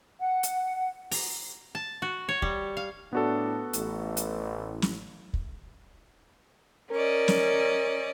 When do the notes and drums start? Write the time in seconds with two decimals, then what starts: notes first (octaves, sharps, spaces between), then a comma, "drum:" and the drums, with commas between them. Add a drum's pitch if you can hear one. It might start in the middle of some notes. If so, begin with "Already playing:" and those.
0.19 F#5
0.43 drum: hi-hat
1.11 A#5, drum: open hi-hat
1.75 A5
2.02 F#4
2.29 C#5
2.42 G3, drum: kick
2.77 F5
3.13 A2 B3 D4 F#4 A4
3.73 A1, drum: hi-hat
4.17 drum: hi-hat
4.82 drum: snare
5.33 drum: kick
6.92 C#4 A#4 D5 D#5
7.28 drum: snare